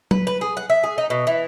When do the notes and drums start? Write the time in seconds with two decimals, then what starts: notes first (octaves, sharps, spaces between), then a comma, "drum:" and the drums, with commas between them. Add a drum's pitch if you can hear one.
0.11 B4, drum: tom F#3
0.27 B4
0.41 G#4
0.57 F#5
0.70 E5
0.84 G#4
0.98 D#4
1.10 B2
1.27 E3